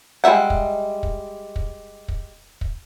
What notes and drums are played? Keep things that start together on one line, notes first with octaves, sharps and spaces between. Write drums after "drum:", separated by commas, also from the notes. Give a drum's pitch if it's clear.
G3 G#3 D#4 E5 F#5
drum: kick
drum: kick
drum: kick
drum: kick
drum: kick